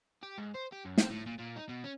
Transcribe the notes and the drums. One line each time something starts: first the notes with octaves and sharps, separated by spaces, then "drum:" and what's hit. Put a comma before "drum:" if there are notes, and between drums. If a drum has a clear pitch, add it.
G4
G#2
C5
G4
F#2
C4, drum: snare
A2
A#2
A#2
D#4
B2
C#4